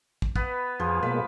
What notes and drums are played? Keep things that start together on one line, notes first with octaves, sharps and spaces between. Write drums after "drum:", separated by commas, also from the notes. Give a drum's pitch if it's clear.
drum: kick
B3 B4, drum: kick
F2 F3 G#4
B2 G#3 A#3 B4